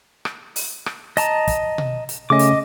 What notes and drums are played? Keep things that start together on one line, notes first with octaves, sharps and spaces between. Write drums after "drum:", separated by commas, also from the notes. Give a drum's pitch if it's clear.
drum: rim click
drum: open hi-hat
drum: rim click
D#5 A5 A#5, drum: hi-hat
drum: kick, hi-hat
drum: tom B2
drum: hi-hat
C#3 A3 C#4 D#5 D6
drum: hi-hat